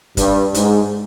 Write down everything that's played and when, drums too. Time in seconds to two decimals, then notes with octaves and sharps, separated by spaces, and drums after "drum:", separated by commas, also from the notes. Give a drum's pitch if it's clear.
0.17 G2, drum: kick, hi-hat
0.54 G#2, drum: hi-hat